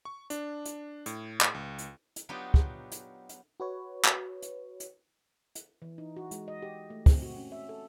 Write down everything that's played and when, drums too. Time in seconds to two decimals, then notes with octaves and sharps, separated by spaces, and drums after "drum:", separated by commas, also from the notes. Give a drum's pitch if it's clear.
0.05 C#6
0.30 D4, drum: hi-hat
0.66 drum: hi-hat
1.06 A2, drum: hi-hat
1.41 drum: clap
1.54 C#2
1.79 drum: hi-hat
2.16 drum: hi-hat
2.29 F#3 B3 D4 D#4 F4 G4
2.54 drum: kick
2.92 drum: hi-hat
3.29 drum: hi-hat
3.60 F#4 B4 C#5
4.05 drum: clap
4.42 drum: hi-hat
4.80 drum: hi-hat
5.55 drum: hi-hat
5.82 E3
5.98 D#4
6.16 F#4
6.31 G#3, drum: hi-hat
6.48 D#5
6.62 G4
6.90 A3
7.06 C4, drum: kick, open hi-hat
7.22 F#4
7.37 C#4
7.52 E5
7.69 A4